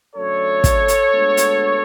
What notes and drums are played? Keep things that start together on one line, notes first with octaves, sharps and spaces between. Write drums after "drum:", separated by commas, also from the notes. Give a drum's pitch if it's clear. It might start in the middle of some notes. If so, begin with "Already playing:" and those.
F#2 D3 A3 A4 C#5
drum: kick, hi-hat
drum: hi-hat
D2 D3 G#3 B3
drum: hi-hat